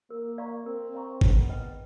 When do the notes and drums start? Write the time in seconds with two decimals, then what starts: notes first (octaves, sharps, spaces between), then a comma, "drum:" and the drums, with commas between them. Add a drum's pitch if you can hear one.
0.10 A#3 A#4
0.38 D5 F5 A#5 C#6
0.66 C4 A#4
0.94 D5 F5 A#5 C#6
1.21 B3 G#4, drum: kick G1
1.49 B4 D#5 G5